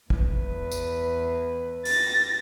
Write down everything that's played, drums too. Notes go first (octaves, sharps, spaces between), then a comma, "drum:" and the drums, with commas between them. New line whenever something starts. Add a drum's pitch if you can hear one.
E2 B4, drum: kick
drum: tambourine
A6 A#6, drum: open hi-hat